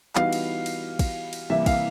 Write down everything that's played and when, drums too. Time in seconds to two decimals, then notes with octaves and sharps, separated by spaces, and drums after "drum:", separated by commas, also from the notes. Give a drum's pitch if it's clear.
0.15 E3 G3 B3 D#4 F#4 F5, drum: clap
0.33 drum: cymbal
0.66 drum: cymbal
0.99 drum: kick, cymbal
1.33 drum: cymbal
1.50 C3 E3 G3 A#3 E5
1.66 F5, drum: kick, cymbal